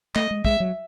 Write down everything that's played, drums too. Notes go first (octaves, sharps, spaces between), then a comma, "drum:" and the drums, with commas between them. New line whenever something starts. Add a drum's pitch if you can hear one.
A3 D#5, drum: clap
G#3
G#3 E5, drum: kick
F#3